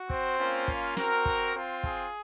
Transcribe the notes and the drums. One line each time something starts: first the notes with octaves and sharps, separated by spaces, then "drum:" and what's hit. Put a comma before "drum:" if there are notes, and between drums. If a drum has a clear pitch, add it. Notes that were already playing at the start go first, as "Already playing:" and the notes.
Already playing: F#4
C4 C5, drum: kick
A#3 C#4 F4
drum: kick
C4 F#4 A#4, drum: snare
drum: kick
C4 F4
G#4, drum: kick